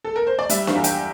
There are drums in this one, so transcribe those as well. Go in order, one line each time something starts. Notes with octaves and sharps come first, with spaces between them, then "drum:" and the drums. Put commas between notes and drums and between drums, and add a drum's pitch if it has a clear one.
A4
A#4
C5
D5
G3 E5, drum: hi-hat
F5, drum: snare D4
E2
G5, drum: hi-hat